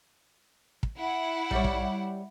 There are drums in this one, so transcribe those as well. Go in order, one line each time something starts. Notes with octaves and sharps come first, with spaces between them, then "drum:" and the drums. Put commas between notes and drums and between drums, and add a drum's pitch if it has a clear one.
drum: kick
E4 F#5
G3 C#5, drum: tom A#1
drum: kick